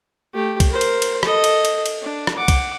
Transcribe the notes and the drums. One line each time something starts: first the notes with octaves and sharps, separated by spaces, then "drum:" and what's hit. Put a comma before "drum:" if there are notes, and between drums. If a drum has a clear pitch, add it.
A3 G4
drum: kick C2, cymbal
A#4 C5
drum: cymbal
drum: cymbal
A4 D#5, drum: rim click
drum: cymbal
drum: cymbal
drum: cymbal
D4
drum: rim click
F#5 D6
drum: kick C2, cymbal